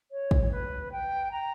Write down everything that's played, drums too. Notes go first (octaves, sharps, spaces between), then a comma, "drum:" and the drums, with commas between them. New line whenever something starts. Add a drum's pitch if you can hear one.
C#5
drum: kick
B4
G5
A#5